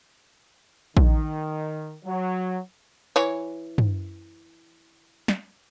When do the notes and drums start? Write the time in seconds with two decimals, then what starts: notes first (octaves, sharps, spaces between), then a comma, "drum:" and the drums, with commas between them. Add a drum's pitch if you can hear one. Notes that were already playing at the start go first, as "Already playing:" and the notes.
0.97 D#3, drum: kick A#1
2.06 F#3
3.16 E3 C#5, drum: tambourine
3.78 drum: tom
5.28 drum: snare